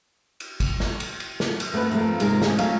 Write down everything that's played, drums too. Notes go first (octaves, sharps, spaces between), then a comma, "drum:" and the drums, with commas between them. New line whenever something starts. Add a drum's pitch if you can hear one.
drum: cymbal
drum: kick G#1, cymbal
drum: snare
drum: cymbal
drum: cymbal
drum: snare
drum: cymbal
A3 B3 A4 B4
F2 F#3 G3 A3 A#3
G#2 C3 G#3 A#3 F4 A#4, drum: cymbal
G#3 A3 C4 G#4, drum: snare
F#3 A3 C#4 F4 F5, drum: cymbal